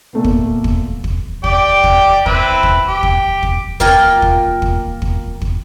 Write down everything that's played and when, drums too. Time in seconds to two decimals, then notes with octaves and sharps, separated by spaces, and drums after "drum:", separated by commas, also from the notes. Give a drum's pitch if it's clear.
0.13 A#2 A3 B3
0.24 drum: kick
0.64 drum: kick
1.04 drum: kick
1.44 G4 D5 G5, drum: kick
1.84 drum: kick
2.26 C4 E4 B4, drum: kick
2.63 drum: kick
2.87 G4
3.03 drum: kick
3.43 drum: kick
3.80 A#3 F4 A#4 G5, drum: kick
4.22 drum: kick
4.62 drum: kick
5.02 drum: kick
5.42 drum: kick